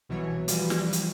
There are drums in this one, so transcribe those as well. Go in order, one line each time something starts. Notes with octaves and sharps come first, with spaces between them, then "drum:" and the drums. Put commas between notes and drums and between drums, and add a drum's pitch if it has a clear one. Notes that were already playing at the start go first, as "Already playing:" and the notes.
C2 B2 E3 F#3 C#5
E3 F3 G3 F4 F#4, drum: hi-hat
drum: snare
drum: hi-hat